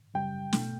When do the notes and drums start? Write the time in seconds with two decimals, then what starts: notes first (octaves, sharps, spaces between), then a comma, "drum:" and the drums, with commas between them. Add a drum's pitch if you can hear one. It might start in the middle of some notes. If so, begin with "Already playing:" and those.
0.14 F#2 C#3 G3 G5
0.53 B2 A3, drum: snare